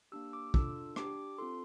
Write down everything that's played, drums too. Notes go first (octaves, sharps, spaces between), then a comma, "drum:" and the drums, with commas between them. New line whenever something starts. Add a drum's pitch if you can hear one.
A#3 D4 G4 E6
D6
D4 F4 A4 E6, drum: kick
D4 G4 D6, drum: rim click
C4 F4 A4 C6